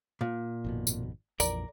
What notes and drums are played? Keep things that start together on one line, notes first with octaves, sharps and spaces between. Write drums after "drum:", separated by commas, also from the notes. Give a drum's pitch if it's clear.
A#2
G#1 F2 B2
drum: tambourine
A#1 F2 E3 A#4 D5, drum: tambourine